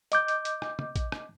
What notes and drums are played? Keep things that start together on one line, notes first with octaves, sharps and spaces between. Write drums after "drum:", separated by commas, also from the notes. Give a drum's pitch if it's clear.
D#5 D6 G6, drum: hi-hat
drum: hi-hat
drum: hi-hat
drum: rim click
drum: tom
drum: kick, hi-hat
drum: rim click